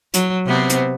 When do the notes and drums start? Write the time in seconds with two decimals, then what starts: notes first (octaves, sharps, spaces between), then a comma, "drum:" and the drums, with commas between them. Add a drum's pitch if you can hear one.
0.14 F#3, drum: hi-hat
0.46 C3 B3 C4
0.70 drum: hi-hat